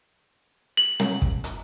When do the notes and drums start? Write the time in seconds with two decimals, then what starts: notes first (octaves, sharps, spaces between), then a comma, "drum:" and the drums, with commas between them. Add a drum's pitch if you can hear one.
0.77 F#7
1.00 drum: snare
1.22 drum: kick
1.44 drum: hi-hat